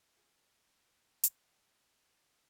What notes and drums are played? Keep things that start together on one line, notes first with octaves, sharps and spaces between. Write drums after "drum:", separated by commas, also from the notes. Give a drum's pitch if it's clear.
F4 G#4 F5 G5
drum: hi-hat